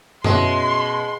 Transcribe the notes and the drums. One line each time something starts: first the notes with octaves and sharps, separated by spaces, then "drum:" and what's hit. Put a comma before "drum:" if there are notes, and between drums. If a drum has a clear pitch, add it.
B2 G#3 C#4 E4 C6, drum: tom F#2